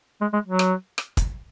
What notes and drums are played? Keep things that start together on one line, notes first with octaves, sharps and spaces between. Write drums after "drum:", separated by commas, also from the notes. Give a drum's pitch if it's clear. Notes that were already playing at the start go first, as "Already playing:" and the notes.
G#3
G#3
F#3
drum: rim click
drum: rim click
drum: kick, hi-hat